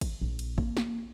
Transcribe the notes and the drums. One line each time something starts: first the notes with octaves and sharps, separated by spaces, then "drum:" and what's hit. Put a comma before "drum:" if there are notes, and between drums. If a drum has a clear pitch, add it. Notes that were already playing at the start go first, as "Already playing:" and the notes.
drum: kick, cymbal
A#1
drum: cymbal
A#3, drum: kick
drum: snare